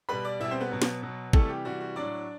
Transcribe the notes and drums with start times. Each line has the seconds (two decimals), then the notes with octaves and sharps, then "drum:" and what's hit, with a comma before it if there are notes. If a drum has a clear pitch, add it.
0.09 B2 G3 B4 B5
0.24 D5 D6
0.40 B2 G3 E4 E5
0.51 C4 C5
0.61 B3 B4
0.71 B2 F#3
0.82 drum: snare
1.02 B2 F#3
1.33 C3 E3 G3 A3 A4, drum: kick
1.49 G4
1.65 C3 E3 G3 F#4
1.81 F#4
1.96 A2 F#3 D4 D5